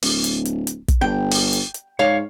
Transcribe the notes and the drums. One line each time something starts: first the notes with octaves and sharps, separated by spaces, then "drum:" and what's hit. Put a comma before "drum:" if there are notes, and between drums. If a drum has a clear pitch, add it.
D1, drum: open hi-hat
drum: hi-hat
drum: hi-hat
drum: hi-hat
drum: kick, hi-hat
G1 G5
drum: open hi-hat
drum: hi-hat
drum: hi-hat
G#2 C#5 F5